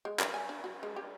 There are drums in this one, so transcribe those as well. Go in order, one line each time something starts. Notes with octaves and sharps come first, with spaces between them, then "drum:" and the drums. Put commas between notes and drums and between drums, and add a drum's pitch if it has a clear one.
G#3
A#4, drum: clap
G#5
D4
F#4
G#3
G4